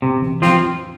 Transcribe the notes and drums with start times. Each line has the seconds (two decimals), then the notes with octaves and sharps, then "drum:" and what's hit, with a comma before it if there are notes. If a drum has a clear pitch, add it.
0.02 C3
0.22 drum: tom E3
0.42 F3 C4 F4, drum: snare